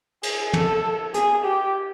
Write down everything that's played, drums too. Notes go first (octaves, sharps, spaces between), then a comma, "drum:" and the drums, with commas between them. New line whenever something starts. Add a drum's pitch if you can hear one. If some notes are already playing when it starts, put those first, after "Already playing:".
G#4, drum: cymbal
A4, drum: tom
G#4, drum: hi-hat
G4